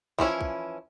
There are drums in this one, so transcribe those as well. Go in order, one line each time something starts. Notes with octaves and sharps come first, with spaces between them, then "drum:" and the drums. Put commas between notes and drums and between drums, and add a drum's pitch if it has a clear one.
E3 F3 C#4 E4, drum: kick
drum: kick